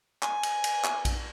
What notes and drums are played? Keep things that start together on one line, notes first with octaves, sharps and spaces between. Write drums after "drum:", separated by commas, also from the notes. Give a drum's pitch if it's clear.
G#5, drum: clap
drum: cymbal
drum: cymbal
drum: clap
drum: kick A#1, cymbal